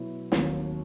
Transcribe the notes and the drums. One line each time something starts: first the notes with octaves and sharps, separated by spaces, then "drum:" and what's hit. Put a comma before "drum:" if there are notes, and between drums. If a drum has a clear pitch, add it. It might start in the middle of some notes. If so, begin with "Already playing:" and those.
Already playing: B2 F#3 B3 E4
D#2 D#3 F#3 C4, drum: snare